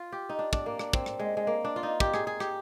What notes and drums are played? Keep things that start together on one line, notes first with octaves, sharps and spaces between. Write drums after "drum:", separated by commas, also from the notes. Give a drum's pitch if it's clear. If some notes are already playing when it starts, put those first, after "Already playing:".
Already playing: F4
G4
D#4
D4
D4, drum: kick
A#3
D4, drum: rim click
C4, drum: kick
drum: rim click
G#3
G#3
A#3
D4
F4
D#4
G4, drum: kick
G#4, drum: rim click
G#4
G4, drum: rim click